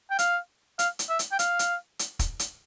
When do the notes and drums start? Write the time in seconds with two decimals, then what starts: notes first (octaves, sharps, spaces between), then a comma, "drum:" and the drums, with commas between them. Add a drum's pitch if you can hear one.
0.11 G5
0.19 F5, drum: hi-hat
0.79 F5, drum: hi-hat
0.99 drum: hi-hat
1.09 E5
1.19 drum: hi-hat
1.32 G5
1.39 F5, drum: hi-hat
1.59 drum: hi-hat
1.99 drum: hi-hat
2.19 drum: kick, hi-hat
2.39 drum: hi-hat